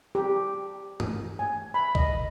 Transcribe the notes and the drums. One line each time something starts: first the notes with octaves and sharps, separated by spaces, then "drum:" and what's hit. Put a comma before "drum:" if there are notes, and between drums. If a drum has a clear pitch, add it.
G4
D#6, drum: tom G2
G#5
B5
D#5, drum: kick